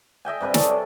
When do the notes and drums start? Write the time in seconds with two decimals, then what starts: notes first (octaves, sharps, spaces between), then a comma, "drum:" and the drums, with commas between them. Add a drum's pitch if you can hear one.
0.25 D#5 E5 G5 G#5
0.41 G2 C3 B4 D#5
0.54 C#4 G#4 A4, drum: snare
0.68 C3 D5